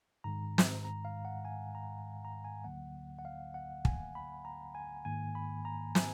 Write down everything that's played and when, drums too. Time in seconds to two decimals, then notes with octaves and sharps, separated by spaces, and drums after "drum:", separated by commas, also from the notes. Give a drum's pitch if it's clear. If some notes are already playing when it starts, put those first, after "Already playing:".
0.24 G#2 D#3 G#3 A#5
0.58 drum: snare
0.85 A#5
1.05 F5
1.25 F#5
1.45 G#5
1.75 A#5
2.25 A#5
2.45 G#5
2.64 D2 D3 F#3 A#3 F#5
3.19 F#5
3.25 F5
3.54 F#5
3.85 G#5, drum: kick
4.15 B5
4.45 A#5
4.75 G#5
5.05 G#2 D#3 A#3 G#5
5.35 B5
5.65 A#5
5.95 G#5, drum: snare